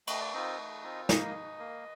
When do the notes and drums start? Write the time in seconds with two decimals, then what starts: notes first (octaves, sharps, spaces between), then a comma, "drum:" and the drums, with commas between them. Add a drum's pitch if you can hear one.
0.07 A3 D#5, drum: cymbal
0.20 D5
0.33 C4 D#4 F4 D#5
0.58 A3
0.84 C4 F4
1.09 A#3 D#4 D#5, drum: snare
1.35 D#4
1.59 A#3